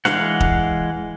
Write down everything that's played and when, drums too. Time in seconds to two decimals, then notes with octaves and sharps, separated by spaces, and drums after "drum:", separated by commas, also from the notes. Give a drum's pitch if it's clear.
0.05 E3 G#3 F5 F#5, drum: snare
0.40 drum: kick